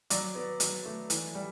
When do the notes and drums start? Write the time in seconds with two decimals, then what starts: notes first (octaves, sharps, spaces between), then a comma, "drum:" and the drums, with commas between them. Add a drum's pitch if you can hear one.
0.10 F#3 D5, drum: hi-hat
0.35 B3
0.60 F#3, drum: hi-hat
0.85 A3
1.10 E3, drum: hi-hat
1.35 G3